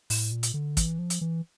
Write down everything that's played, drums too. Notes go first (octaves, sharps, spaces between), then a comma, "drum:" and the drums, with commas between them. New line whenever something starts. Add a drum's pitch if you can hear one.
A2, drum: open hi-hat
A#2
drum: hi-hat
D3
E3, drum: kick, hi-hat
F3
drum: hi-hat
E3